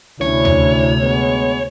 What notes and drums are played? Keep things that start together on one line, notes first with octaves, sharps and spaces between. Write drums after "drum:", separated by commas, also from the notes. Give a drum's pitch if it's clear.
D2 C3 C#4 D4 E4 C#5, drum: snare G3
drum: tom D#2
G#3 B3